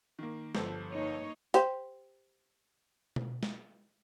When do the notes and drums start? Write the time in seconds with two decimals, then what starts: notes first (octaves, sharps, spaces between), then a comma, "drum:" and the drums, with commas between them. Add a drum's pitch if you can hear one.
0.19 D#3 A#3
0.55 G1 F3 A4, drum: snare
0.91 A#3 D#4 C#5
1.54 G4 C5, drum: hi-hat
3.16 drum: tom B2
3.43 drum: snare